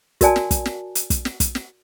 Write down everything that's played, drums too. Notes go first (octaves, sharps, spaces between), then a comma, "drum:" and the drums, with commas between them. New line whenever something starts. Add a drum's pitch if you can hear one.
F#4 A#4 D5 G#5 A5, drum: kick, hi-hat
drum: snare
drum: kick, hi-hat
drum: snare
drum: hi-hat
drum: kick, hi-hat
drum: snare
drum: kick, hi-hat
drum: snare